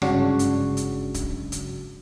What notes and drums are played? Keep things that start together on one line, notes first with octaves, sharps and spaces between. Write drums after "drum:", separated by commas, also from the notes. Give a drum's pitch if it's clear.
G1 G#2 C#3 F#3 D4 F#4, drum: rim click
drum: hi-hat
drum: hi-hat
drum: kick D1, hi-hat
drum: hi-hat